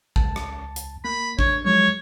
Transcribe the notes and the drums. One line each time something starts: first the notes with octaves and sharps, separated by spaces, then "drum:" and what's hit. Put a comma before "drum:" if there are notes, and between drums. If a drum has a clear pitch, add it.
C#2 A5, drum: kick A1
drum: rim click
drum: hi-hat
A#3 B5
D4 C#5, drum: kick A1
F3 F#3 G#3 C#5